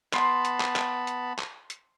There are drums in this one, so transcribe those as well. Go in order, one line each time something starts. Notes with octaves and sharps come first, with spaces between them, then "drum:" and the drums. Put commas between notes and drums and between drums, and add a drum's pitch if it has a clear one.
B3 A5 B5 C6, drum: clap
drum: hi-hat
drum: clap
drum: clap
drum: hi-hat
drum: clap
drum: hi-hat